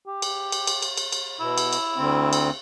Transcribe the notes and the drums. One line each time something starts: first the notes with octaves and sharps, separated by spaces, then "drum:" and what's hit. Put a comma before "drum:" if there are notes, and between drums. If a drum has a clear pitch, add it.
G4
drum: cymbal
drum: cymbal
drum: cymbal
drum: cymbal
drum: cymbal
drum: cymbal
B2 E4
drum: cymbal
drum: cymbal
D2 C4
drum: cymbal